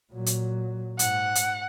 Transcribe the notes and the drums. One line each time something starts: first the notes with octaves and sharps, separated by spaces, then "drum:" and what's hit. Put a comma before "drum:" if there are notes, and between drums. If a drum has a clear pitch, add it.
A#2 F#3
drum: hi-hat
G#2 F#5, drum: hi-hat
drum: hi-hat